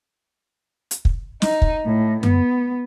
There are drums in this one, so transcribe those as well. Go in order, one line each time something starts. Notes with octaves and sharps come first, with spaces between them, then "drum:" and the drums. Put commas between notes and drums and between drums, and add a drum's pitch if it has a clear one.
drum: hi-hat
drum: kick
D#4, drum: snare
drum: kick
A2
B3, drum: tom F#2